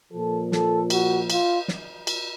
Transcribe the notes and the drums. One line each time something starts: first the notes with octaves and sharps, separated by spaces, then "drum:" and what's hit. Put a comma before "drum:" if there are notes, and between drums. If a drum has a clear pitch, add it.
A#2 F3 A4
A4, drum: snare
F#4, drum: cymbal
F4, drum: cymbal
drum: snare
drum: cymbal